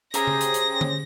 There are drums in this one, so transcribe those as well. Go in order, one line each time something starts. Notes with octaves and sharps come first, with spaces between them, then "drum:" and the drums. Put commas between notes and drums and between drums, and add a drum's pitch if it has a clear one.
C#4 G4 G#4 C5 E5 A#5 A#6, drum: hi-hat
drum: tom C#3
drum: hi-hat
drum: hi-hat
drum: tom D3